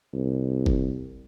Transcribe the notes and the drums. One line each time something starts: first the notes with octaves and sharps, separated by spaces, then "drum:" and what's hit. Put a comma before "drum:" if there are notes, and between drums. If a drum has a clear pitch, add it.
C2
drum: kick F#1